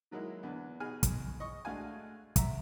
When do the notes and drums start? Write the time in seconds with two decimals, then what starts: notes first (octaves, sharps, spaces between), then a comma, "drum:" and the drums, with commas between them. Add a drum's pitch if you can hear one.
0.11 D#3 F#3 G#3 A#3 E4
0.43 E2 D3 B3
0.80 B2 D#4 G#4 G#5 F6
1.03 drum: kick, hi-hat
1.40 D#5 C#6
1.65 G#3 A3 D4 F#4 F5 G#5
2.36 E5 A#5, drum: kick, hi-hat